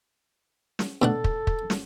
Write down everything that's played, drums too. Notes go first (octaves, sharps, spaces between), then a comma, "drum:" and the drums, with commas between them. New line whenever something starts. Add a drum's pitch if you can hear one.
drum: snare
B2 D4 A4 F#5
drum: kick
drum: kick
drum: snare